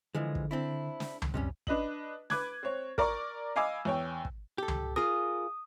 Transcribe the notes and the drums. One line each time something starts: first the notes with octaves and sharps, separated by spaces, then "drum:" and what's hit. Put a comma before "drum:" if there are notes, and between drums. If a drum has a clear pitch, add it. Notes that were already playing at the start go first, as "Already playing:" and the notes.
D3 E3 F3 G#3
drum: kick
C4 D4 E4
drum: snare
drum: tom C#2
G#1 F#2 C3 G3 C#4
D4 B4 D#5 F#7, drum: kick
B4 D6 F#6 G#6, drum: snare
C4 C#5
A#4 D5 A#5 C#6, drum: kick
D#5 F5 G#5 B5 D6 E6
E2 C#5 G5
drum: kick
G4 A4
drum: tom C#2
F4 G#4 A#4 D#6